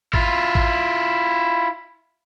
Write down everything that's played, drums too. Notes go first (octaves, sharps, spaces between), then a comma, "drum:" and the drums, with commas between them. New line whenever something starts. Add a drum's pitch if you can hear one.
E4 F4, drum: kick
drum: kick